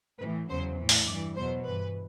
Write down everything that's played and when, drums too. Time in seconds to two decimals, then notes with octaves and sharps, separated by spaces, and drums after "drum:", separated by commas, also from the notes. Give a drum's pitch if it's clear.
0.20 A2 E3 B4
0.50 E2 C#3 F#3 C5
0.78 A2 E3
0.89 drum: open hi-hat
1.07 G2 E3 D5
1.36 E2 B2 F#3 C5
1.65 G2 E3 B4